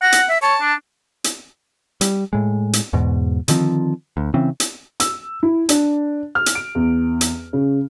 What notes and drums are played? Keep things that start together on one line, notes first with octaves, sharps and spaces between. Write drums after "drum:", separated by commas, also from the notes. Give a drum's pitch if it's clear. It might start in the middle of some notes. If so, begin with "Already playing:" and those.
F#5 A#6
drum: hi-hat
E5
C#5 A5
D4
drum: hi-hat
G3, drum: hi-hat
A2 G#3
drum: hi-hat
E2 G#2 B2
D3 D#3 F3 C4, drum: hi-hat
D2
C#3 E3 C4 C#4
drum: hi-hat
E6, drum: hi-hat
E4
D4, drum: hi-hat
F6
drum: hi-hat
D7
E2
drum: hi-hat
C#3